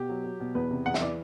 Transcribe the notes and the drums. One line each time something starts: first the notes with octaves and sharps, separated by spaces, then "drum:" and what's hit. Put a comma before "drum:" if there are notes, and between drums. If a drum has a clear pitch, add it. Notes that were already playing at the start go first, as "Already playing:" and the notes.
Already playing: B2 G4
F#3
F#3
B2
E2 B4
C3
E2 F#5
E5, drum: snare
E3 D5